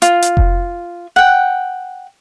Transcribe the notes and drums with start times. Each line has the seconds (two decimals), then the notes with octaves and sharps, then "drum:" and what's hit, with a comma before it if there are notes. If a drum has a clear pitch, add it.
0.02 F4, drum: hi-hat
0.22 drum: hi-hat
0.37 drum: kick F1
1.16 F#5 G5